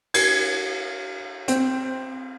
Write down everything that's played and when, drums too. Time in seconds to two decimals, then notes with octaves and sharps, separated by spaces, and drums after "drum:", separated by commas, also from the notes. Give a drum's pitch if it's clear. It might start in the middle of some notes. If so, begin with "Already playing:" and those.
0.14 G#6, drum: cymbal
1.48 C4, drum: hi-hat